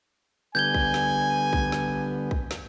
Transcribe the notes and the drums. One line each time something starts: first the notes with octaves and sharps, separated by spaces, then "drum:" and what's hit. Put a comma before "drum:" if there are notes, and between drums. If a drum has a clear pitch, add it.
D3 G3 B3 G#5 G6 G#6 G7
drum: kick B1
drum: snare
drum: kick B1
drum: snare
drum: kick B1
drum: snare